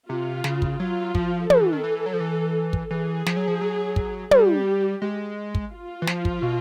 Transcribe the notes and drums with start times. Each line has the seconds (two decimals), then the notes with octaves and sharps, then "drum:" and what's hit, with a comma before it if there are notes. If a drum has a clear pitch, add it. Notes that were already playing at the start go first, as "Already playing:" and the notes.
0.09 C3 F4
0.44 C#3, drum: snare
0.62 drum: kick
0.79 F#3 F4
1.15 F3, drum: kick
1.50 F3 A4, drum: tom
1.61 E3
1.73 D#3
1.84 E3
2.06 F#3
2.13 F3
2.20 E3
2.73 drum: kick
2.91 E3 G#4
3.26 F3, drum: snare
3.36 F#3
3.48 F3
3.61 F#3
3.96 drum: kick
4.31 G3 G4, drum: tom
5.02 G#3
5.55 drum: kick
5.72 F4
6.02 E3
6.07 F3, drum: snare
6.25 drum: kick
6.42 B2